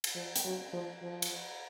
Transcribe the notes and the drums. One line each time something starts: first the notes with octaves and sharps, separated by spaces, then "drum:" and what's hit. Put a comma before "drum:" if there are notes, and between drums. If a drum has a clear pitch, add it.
drum: cymbal
F3
drum: hi-hat
F#3
F3
F3
drum: cymbal